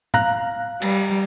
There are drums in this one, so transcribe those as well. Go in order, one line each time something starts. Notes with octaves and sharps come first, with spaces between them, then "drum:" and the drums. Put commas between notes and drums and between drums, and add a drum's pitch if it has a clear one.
F5 A#5 F#6, drum: tom A2
G3, drum: cymbal